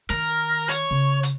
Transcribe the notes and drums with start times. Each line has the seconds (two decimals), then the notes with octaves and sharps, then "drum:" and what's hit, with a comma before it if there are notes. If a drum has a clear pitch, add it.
0.10 D#3 A#4
0.70 C#5, drum: hi-hat
0.91 C#3
1.23 drum: hi-hat